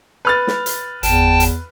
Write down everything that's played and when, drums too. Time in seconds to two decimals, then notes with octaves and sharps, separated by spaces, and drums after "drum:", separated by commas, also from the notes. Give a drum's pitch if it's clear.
0.25 B4 F6 A6
0.47 drum: snare
0.66 drum: hi-hat
1.03 G1 E2 G5 A5, drum: hi-hat
1.40 drum: hi-hat